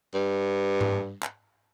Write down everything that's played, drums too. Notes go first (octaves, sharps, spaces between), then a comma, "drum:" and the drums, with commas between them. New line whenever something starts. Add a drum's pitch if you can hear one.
G2
drum: tom G#2
drum: clap